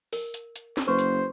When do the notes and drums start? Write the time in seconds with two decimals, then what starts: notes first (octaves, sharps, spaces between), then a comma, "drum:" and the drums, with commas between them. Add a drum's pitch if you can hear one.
0.13 A#4, drum: open hi-hat
0.34 drum: hi-hat
0.56 drum: hi-hat
0.77 drum: snare
0.88 F#1 B4 C5 C#6
0.99 drum: hi-hat